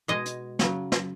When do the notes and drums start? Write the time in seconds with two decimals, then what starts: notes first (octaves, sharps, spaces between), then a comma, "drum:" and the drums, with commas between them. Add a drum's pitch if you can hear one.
0.08 B2 G#3 D#5
0.26 drum: hi-hat
0.59 C#3 F#3, drum: snare
0.92 drum: snare